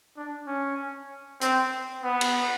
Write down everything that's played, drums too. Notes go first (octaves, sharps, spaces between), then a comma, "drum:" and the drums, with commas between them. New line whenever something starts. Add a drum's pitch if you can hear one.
D4
C#4
C4, drum: hi-hat
B3
drum: cymbal